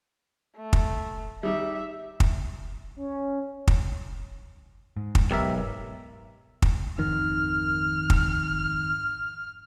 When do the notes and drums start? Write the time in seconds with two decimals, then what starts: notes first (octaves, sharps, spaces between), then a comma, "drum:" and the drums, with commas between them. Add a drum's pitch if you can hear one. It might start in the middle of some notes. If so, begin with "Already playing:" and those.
0.57 A3
0.73 drum: kick
1.43 G3 D#4 G4 E5
2.20 drum: kick
2.96 C#4
3.68 drum: kick
4.97 G#2
5.15 drum: kick
5.31 B1 G4 A#4 E5
6.62 drum: kick
6.98 G#1 F2 D#3 F6
8.10 drum: kick